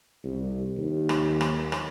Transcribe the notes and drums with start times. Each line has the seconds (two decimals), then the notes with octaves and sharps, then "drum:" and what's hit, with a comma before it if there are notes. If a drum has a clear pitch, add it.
0.24 C2
0.78 D#2
1.09 drum: rim click
1.41 drum: rim click
1.72 drum: rim click